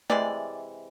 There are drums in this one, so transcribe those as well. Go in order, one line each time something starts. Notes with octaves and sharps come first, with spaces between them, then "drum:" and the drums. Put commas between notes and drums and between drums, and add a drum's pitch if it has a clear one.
C3 E3 G#3 D5, drum: tom A3